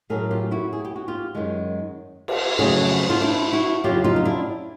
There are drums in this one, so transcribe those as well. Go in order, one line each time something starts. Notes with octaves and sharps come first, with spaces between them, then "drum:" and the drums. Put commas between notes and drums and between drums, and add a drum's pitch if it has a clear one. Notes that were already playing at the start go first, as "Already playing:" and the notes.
A2 F#3 A3 G#4 A#4
F4 G4
E4 F#4
G#4
G4
F#4
F4 G4
F#2 D#3 G#3
drum: cymbal
F2 C#3 F#3 A3 F#4 G#4
F4
D4 E4
E4 F#4
F2 C#3 F#3 F4 G4
D#4 F4
D#4
D4 E4